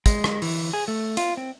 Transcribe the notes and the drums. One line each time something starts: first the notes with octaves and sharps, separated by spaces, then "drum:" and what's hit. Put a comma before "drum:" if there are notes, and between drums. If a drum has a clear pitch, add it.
G#3, drum: kick, hi-hat
drum: rim click
E3, drum: open hi-hat
G#4
A3
F4, drum: hi-hat
C4